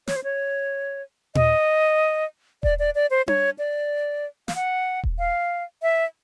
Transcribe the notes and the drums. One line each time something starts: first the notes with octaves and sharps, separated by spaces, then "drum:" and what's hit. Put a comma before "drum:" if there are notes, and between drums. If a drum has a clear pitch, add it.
C#5, drum: snare
C5
C#5
D#5, drum: tom A#2
D5, drum: kick D#1
D5
D5
C5
C#5, drum: tom D4
D5
F5, drum: snare
F#5
drum: kick D#1
F5
E5